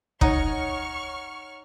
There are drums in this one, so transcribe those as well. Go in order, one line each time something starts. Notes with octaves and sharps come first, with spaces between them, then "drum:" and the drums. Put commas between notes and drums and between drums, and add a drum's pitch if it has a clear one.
D#4 C#5 F#5 A#5 C#6 F6, drum: kick